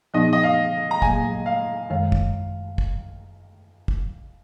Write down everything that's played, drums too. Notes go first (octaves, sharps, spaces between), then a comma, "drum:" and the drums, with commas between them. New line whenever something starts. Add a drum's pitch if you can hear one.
A#2 F3 B3 D#4 D#5
D#5
F5
A#5
A#2 F#3 A#3 G#5, drum: kick
F5
F#2 D#3 G#3 F5
drum: kick
drum: kick
drum: kick